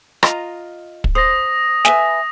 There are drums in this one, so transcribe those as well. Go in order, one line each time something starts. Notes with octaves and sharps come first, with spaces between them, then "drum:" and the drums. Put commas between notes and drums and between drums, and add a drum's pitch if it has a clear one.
F4 D#5 A#5, drum: rim click
drum: kick
C5 D#6 A#6
B4 E5 G#5, drum: snare